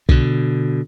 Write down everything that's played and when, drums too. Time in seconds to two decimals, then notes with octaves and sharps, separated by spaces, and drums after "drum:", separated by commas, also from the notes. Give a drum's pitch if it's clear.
0.09 B2 D3, drum: kick